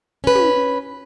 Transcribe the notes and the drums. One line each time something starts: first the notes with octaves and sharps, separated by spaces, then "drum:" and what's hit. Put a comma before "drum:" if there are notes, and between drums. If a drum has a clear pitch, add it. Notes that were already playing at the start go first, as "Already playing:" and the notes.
C#4 B4
drum: tom